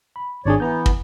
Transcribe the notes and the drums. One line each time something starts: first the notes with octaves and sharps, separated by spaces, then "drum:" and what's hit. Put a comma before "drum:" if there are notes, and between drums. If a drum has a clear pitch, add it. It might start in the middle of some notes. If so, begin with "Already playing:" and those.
B5
G#1 D4 G#4 C#5 D5
E3 B3 A#5 G6
drum: kick